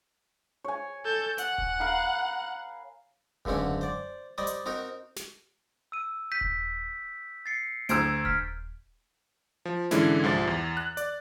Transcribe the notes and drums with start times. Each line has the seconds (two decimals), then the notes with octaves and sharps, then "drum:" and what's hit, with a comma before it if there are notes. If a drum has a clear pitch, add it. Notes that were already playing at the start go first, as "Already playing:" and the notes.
0.65 C#5 G#5
1.05 A4 G6
1.38 F#5, drum: hi-hat
1.58 drum: kick D#1
1.80 A#4 F5 B5
3.45 C#2 F#2 D3 C4 C#4, drum: kick D#1
3.81 C5 D5
4.38 G3 C5 D5 D#5
4.47 drum: hi-hat
4.66 C4 D#4 F#4 A#4
5.16 drum: snare
5.92 E6 D#7
6.32 G6 B6 D#7
6.41 drum: kick D#1
7.46 A6 C7 C#7
7.89 D2 A#5 E6 G6 G#6 D7, drum: hi-hat
8.25 F6 B6, drum: kick D#1
9.65 F3
9.91 G#2 D3 E3 G#3 C#4 E4, drum: snare
10.24 C2 G#2 F3 A6
10.47 E2
10.77 F#6
10.97 D5, drum: hi-hat